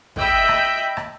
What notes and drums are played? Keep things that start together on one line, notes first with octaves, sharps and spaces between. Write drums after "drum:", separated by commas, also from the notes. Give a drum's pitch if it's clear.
D#5 E5 G5 B5, drum: kick
drum: rim click
drum: rim click